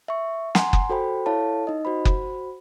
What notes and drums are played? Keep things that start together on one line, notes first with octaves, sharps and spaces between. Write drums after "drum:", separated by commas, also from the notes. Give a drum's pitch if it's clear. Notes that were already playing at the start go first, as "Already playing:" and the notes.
E5 C#6
F#5 G#5 A#5 C6, drum: snare
drum: kick F#1
F#4 A4 C5 G5 B5
E4 A4 C#5 F5 A5
D#4 D#5
F#4 C5 B5
drum: kick F#1